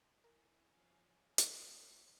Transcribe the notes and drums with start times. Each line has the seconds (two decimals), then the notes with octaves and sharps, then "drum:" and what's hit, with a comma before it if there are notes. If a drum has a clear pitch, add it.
0.24 E4 A#4 G#5
0.73 F3 C#5 F5
1.38 A3 D#4 C#5, drum: hi-hat